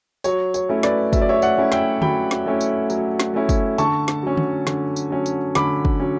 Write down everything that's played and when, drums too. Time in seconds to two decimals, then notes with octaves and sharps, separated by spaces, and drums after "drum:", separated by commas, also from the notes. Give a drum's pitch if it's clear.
0.24 F#3 C#5, drum: tambourine
0.54 C#5, drum: tambourine
0.69 A3 C#4 E4
0.83 B4 D5, drum: snare
1.13 F#3 E5, drum: kick, tambourine
1.21 D5
1.29 C#5 E5
1.42 D5 F#5, drum: tambourine
1.58 A3 C#4 E4
1.72 E5 G5, drum: snare
2.02 F#3 G5 B5, drum: tom D3
2.31 drum: snare
2.46 A3 C#4 E4
2.61 drum: tambourine
2.90 F#3, drum: tambourine
3.20 drum: snare
3.34 A3 C#4 E4
3.49 drum: kick, tambourine
3.78 D3 A5 C#6, drum: tambourine
4.08 drum: snare
4.23 F#3 C#4
4.37 drum: tom D3
4.67 D3, drum: snare
4.96 drum: tambourine
5.11 F#3 C#4
5.26 drum: tambourine
5.55 D3 B5 D6, drum: snare
5.85 drum: kick
6.00 F#3 C#4